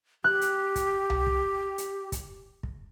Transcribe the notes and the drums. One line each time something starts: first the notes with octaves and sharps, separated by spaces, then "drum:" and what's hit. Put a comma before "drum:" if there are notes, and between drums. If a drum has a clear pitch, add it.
G4 F#6
drum: hi-hat
drum: kick, hi-hat
drum: tom C2
drum: kick
drum: hi-hat
drum: kick, hi-hat
drum: kick